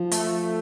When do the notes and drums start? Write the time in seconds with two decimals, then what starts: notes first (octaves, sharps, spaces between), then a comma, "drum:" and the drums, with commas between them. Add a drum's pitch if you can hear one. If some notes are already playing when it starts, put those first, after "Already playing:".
Already playing: F3
0.11 A3, drum: hi-hat